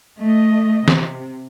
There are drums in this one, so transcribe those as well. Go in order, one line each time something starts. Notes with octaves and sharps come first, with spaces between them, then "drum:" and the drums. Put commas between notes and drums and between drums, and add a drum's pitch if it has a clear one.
A3 D#5
C3, drum: snare